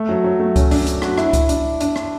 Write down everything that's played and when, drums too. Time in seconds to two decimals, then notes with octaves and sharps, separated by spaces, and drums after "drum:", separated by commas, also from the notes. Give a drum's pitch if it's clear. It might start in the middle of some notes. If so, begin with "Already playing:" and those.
Already playing: A3
0.09 F#3
0.24 F#3
0.40 A3
0.56 C#4, drum: kick C#2, hi-hat
0.71 D4, drum: open hi-hat
0.87 drum: hi-hat
1.02 F#4, drum: rim click
1.18 E4, drum: rim click
1.33 drum: kick C#2, hi-hat
1.49 D4, drum: hi-hat
1.80 D4, drum: hi-hat
1.96 drum: rim click